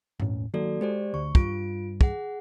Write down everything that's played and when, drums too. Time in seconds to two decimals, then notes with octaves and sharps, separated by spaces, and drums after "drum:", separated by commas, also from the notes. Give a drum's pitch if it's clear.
0.20 E1 A2 C#4, drum: tom G2
0.54 D#3 F#3 A#3 F#4 A4 D5
0.81 G#3 G4 C5 D5
1.14 D2 C#6
1.35 G2 G3 F4 D7, drum: kick
2.01 G#4 F#5, drum: kick